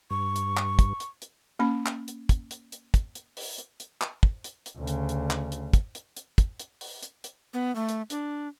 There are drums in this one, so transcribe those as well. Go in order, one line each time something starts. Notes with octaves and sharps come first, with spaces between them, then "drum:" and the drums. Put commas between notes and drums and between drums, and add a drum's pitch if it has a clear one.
G2 C#6
drum: hi-hat
drum: clap
drum: kick, hi-hat
drum: hi-hat
drum: hi-hat
A#3 C#4 B5
drum: clap
drum: hi-hat
drum: kick, hi-hat
drum: hi-hat
drum: hi-hat
drum: kick, hi-hat
drum: hi-hat
drum: open hi-hat
drum: hi-hat
drum: hi-hat
drum: clap
drum: kick
drum: hi-hat
drum: hi-hat
D2 C#3
drum: hi-hat
drum: hi-hat
drum: clap
drum: hi-hat
drum: kick, hi-hat
drum: hi-hat
drum: hi-hat
drum: kick, hi-hat
drum: hi-hat
drum: open hi-hat
drum: hi-hat
drum: hi-hat
B3
A3
drum: hi-hat
D4, drum: hi-hat